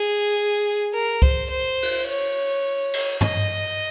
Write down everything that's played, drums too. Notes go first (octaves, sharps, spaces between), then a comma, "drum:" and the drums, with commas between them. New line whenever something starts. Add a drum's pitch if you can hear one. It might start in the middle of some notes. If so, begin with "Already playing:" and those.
Already playing: G#4
A#4
C5, drum: kick C#2
C5
drum: cymbal
C#5
drum: cymbal
D#5, drum: tom